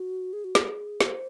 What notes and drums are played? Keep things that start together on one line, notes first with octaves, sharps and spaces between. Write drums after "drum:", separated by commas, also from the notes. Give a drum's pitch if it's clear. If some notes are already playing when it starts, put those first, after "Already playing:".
Already playing: F#4
G#4
F#4
G#4, drum: snare
C5, drum: snare